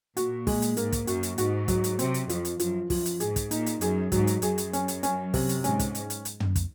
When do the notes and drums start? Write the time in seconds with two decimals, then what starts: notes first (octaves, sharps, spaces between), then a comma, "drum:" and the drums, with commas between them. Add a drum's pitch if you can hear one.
0.17 A#2 F#4, drum: hi-hat
0.47 G#3, drum: kick, open hi-hat
0.62 drum: hi-hat
0.77 G#2 A#3, drum: hi-hat
0.92 drum: kick, hi-hat
1.07 F#2 F#4, drum: hi-hat
1.23 drum: hi-hat
1.38 G#2 F#4, drum: hi-hat
1.68 F#3, drum: kick, hi-hat
1.84 drum: hi-hat
1.99 C3 C4, drum: hi-hat
2.14 drum: hi-hat
2.29 F2 F3, drum: hi-hat
2.45 drum: hi-hat
2.60 F#2 F3, drum: hi-hat
2.90 F#2 F3, drum: kick, open hi-hat
3.06 drum: hi-hat
3.20 G#2 G#4, drum: hi-hat
3.36 drum: kick, hi-hat
3.51 A#2 D#4, drum: hi-hat
3.66 drum: hi-hat
3.81 F#2 G#4, drum: hi-hat
4.12 G#2 F#3, drum: kick, hi-hat
4.27 drum: hi-hat
4.42 F#2 G#4, drum: hi-hat
4.58 drum: hi-hat
4.73 C#4, drum: hi-hat
4.88 drum: hi-hat
5.03 C#4, drum: hi-hat
5.34 C3, drum: kick, open hi-hat
5.49 drum: hi-hat
5.64 G#2 C#4, drum: hi-hat
5.79 drum: kick, hi-hat
5.95 drum: hi-hat
6.10 drum: hi-hat
6.25 drum: hi-hat
6.40 drum: tom
6.56 drum: kick, hi-hat